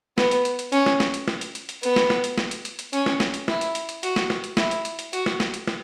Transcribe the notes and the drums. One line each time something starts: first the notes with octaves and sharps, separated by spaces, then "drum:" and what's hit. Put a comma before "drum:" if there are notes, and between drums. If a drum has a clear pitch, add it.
B3, drum: snare
drum: hi-hat
drum: hi-hat
drum: hi-hat
C#4, drum: hi-hat
drum: snare
drum: snare
drum: hi-hat
drum: snare
drum: hi-hat
drum: hi-hat
drum: hi-hat
B3, drum: hi-hat
drum: snare
drum: snare
drum: hi-hat
drum: snare
drum: hi-hat
drum: hi-hat
drum: hi-hat
C#4, drum: hi-hat
drum: snare
drum: snare
drum: hi-hat
E4, drum: snare
drum: hi-hat
drum: hi-hat
drum: hi-hat
F#4, drum: hi-hat
drum: snare
drum: snare
drum: hi-hat
E4, drum: snare
drum: hi-hat
drum: hi-hat
drum: hi-hat
F#4, drum: hi-hat
drum: snare
drum: snare
drum: hi-hat
drum: snare